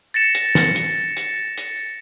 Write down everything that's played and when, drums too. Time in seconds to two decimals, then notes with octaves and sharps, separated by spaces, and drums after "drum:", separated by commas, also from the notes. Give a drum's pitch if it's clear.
0.14 A6 A#6 C#7 E7
0.35 drum: hi-hat
0.55 drum: snare
0.76 drum: hi-hat
1.17 drum: hi-hat
1.58 drum: hi-hat